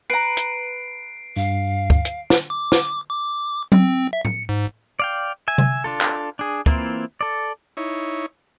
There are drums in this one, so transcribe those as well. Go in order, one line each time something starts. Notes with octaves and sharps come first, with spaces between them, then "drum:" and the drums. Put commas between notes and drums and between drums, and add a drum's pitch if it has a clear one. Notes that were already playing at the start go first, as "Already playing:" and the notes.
B4 A#5 C7 D7
drum: hi-hat
G2 F5
drum: kick
drum: hi-hat
drum: snare
D6
drum: snare
D6
C4, drum: tom F#3
E5
C#7, drum: tom A2
G#2
D5 F5 G5
E5 G#5
drum: tom C3
D4 F4 A4
drum: clap
D4 G#4
E3 A#3 C4 E4 F4, drum: kick
A4 D5
D#4 E4 C#5